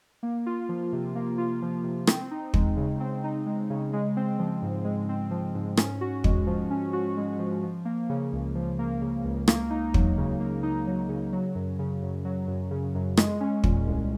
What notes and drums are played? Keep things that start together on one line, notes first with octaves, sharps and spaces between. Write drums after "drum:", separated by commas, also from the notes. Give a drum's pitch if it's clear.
A#3
F4
F3
C3
A#3
F4
F3
C3
C4, drum: rim click
D#4
G#3, drum: kick
C#3
C4
D#4
G#3
C#3
G#3
C4
F3
G#2
G#3
C4
F3
G#2
C#4, drum: rim click
F#4
G#3, drum: kick
F3
C#4
F#4
G#3
F3
F3
A#3
C#3
C#2
F3
A#3
C#3
C#2
A#3, drum: rim click
D#4
F#3, drum: kick
C#3
A#3
D#4
F#3
C#3
F#3
F#2
C#3
F#2
F#3
F#2
C#3
F#2
G#3, drum: rim click
C#4
A#2, drum: kick
C2